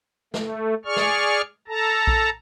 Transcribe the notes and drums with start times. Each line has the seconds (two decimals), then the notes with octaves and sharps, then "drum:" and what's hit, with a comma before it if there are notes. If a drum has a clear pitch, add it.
0.34 A3, drum: snare
0.85 G#4 D5 C#6 F6
0.97 drum: snare
1.68 A4 A5 A#5
2.07 drum: kick A#1